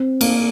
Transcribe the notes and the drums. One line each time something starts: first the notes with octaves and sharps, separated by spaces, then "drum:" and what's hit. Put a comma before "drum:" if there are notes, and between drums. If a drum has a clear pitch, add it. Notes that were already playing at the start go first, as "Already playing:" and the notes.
Already playing: C4
A#3, drum: cymbal